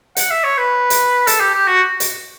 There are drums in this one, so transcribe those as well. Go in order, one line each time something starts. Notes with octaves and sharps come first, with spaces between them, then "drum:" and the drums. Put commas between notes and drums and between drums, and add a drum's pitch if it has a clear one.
F#5, drum: hi-hat
E5
C#5
B4
drum: hi-hat
A4, drum: hi-hat
G4
G4
F#4
drum: hi-hat